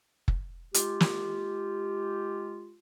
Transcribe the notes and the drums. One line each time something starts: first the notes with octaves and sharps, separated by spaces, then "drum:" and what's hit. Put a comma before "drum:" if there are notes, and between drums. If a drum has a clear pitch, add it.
drum: kick F#1
G#3 F4 G4, drum: hi-hat
drum: snare